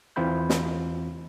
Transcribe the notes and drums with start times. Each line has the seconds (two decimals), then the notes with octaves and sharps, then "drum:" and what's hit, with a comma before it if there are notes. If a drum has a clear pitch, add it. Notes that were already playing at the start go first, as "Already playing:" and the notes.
0.16 E2 E3 C4 F4 B5 G6
0.50 drum: snare